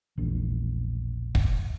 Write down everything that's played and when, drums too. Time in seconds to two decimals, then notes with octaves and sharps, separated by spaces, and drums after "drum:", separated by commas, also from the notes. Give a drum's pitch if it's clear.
0.18 E1 A#1
1.35 drum: kick